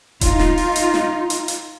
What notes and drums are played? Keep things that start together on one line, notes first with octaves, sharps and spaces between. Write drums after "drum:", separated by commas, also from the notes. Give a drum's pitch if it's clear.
D#4 F4, drum: kick D#1, hi-hat
drum: snare
drum: open hi-hat
drum: hi-hat
drum: snare
drum: hi-hat
drum: hi-hat